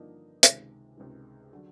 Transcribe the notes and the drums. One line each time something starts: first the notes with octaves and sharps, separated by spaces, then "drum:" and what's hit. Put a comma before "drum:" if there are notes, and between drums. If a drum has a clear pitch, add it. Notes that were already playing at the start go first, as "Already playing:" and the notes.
Already playing: G2 D3 F3 A#3 D#4
C#2 C3 D#3 G#3, drum: hi-hat
C#2 C3 D#3 G#3
D3 F#3